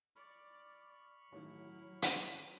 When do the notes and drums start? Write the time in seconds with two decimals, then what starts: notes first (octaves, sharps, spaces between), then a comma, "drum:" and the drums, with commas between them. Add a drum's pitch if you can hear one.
0.16 D5 B5 C#6 F6
1.32 A1 D#3 F#3 E4 C#5
2.02 drum: hi-hat